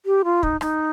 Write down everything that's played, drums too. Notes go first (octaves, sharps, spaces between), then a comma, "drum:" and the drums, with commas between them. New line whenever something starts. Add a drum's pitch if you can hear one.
G4
F4
D#4, drum: kick
D#4, drum: rim click